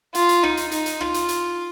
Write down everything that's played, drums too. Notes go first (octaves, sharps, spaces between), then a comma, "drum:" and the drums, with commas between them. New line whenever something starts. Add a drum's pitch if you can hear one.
F4, drum: hi-hat
drum: hi-hat
D#4, drum: rim click
drum: hi-hat
D#4, drum: hi-hat
drum: hi-hat
F4, drum: rim click
drum: hi-hat
drum: hi-hat